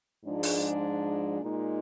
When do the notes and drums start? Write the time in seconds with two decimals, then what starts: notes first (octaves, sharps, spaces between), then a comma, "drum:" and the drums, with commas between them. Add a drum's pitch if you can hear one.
0.24 G#2 F3 G#3 D4 F4
0.43 drum: open hi-hat
1.40 A#2 G#3 D#4